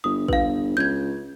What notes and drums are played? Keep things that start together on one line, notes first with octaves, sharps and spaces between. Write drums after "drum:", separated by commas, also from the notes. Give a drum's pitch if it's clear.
G1 D#6
G1 B4 F5, drum: kick A1
C#2 G6 G#6